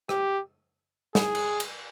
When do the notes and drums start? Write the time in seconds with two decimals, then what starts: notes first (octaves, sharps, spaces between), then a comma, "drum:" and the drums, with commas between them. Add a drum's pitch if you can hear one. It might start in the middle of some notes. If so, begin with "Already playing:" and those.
0.09 G4, drum: rim click
1.15 G#4, drum: snare
1.35 drum: cymbal
1.60 drum: cymbal